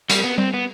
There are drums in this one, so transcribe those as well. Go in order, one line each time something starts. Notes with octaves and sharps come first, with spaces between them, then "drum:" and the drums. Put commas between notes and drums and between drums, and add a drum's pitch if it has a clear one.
G3, drum: hi-hat
B3
G3 C4
B3